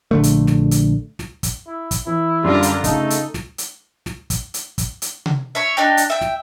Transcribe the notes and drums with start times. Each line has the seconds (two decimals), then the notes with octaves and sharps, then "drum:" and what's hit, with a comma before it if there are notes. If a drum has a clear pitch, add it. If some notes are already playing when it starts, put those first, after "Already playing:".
0.11 A#1 D3 A3
0.23 drum: hi-hat
0.47 drum: snare
0.71 drum: hi-hat
1.19 drum: snare
1.43 drum: kick, hi-hat
1.67 E4
1.91 drum: kick, hi-hat
2.07 E3 E4
2.44 F#2 D3 G3 F4 A#5 C6
2.63 drum: hi-hat
2.84 C#3 A3 D#4 A4, drum: kick, hi-hat
3.10 drum: hi-hat
3.34 drum: snare
3.58 drum: hi-hat
4.06 drum: snare
4.30 drum: kick, hi-hat
4.54 drum: hi-hat
4.78 drum: kick, hi-hat
5.02 drum: hi-hat
5.26 drum: tom C3
5.55 C#5 E5
5.77 D4 D#4 G4
5.97 drum: hi-hat
6.10 E5 G5
6.21 drum: snare